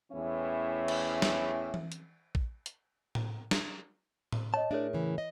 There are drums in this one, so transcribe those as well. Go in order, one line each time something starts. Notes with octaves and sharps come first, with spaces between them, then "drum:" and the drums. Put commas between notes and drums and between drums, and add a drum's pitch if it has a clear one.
E2 A2 E3 C#4 E5
drum: cymbal
drum: snare
drum: tom E3
drum: hi-hat
drum: kick A#1
drum: hi-hat
drum: tom A2
drum: snare
drum: tom A2
C#5 D#5 A5
A2 D4 G#4 A#4 C#5 E5
C#3 E3
D#5